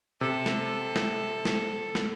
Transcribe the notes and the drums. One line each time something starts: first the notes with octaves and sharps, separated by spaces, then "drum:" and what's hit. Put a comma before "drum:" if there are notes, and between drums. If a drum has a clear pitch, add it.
C3 A4
drum: snare
drum: snare
drum: snare
drum: snare